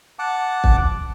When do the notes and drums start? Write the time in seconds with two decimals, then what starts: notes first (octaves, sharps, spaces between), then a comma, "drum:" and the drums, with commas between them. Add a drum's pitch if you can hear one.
0.19 F#5 A5 D6
0.64 drum: kick